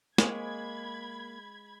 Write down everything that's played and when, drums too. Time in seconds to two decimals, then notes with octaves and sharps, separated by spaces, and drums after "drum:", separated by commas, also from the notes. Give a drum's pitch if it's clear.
0.18 G#3 A#3 C4 G#4 C#5 B5 G#6, drum: snare